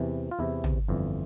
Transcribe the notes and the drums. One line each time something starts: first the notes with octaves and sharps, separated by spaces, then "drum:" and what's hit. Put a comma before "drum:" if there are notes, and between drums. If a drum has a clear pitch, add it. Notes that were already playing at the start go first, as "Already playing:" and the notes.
Already playing: E2 C3 E3
F4
E2 C3 E3 E4
drum: tom
G1 F2 E3